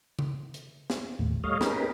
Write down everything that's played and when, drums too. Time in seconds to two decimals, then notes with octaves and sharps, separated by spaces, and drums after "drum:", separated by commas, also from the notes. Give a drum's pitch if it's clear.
0.19 drum: tom C#3
0.54 drum: hi-hat
0.90 drum: snare
1.19 D#2 A2
1.44 G3 A3 C#5 D#5 F5
1.61 C#4 D#4 G4 G#4 A#4 B4, drum: snare